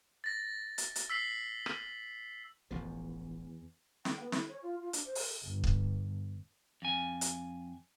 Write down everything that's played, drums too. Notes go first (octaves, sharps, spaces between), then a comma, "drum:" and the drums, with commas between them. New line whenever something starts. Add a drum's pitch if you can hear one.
A6 A#6
drum: hi-hat
drum: hi-hat
E6 B6 C7 F#7
drum: rim click
E1 A1 E2 F3
G5, drum: snare
B3
E4, drum: snare
C#5
F4
F4
D4, drum: hi-hat
C5
drum: open hi-hat
G1
drum: kick
F2 G#5
drum: hi-hat